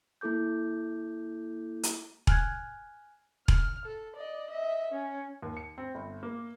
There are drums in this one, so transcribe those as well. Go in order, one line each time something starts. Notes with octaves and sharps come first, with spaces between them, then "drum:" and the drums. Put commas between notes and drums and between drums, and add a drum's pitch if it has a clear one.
A#3 E4 A4 D6 G6
drum: hi-hat
G#5 F6 F#6 G#6, drum: kick E1
F6, drum: kick E1
A4
D5 D#5
D#5 E5
C#4
D#2
C#7
C4
G1
A#3